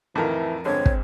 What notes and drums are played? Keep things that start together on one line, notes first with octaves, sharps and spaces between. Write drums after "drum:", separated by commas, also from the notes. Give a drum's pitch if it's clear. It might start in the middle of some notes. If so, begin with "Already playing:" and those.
F2 A2 D#3 E3 F4 A#4
G2 D3 G#3 C4 C#5
drum: kick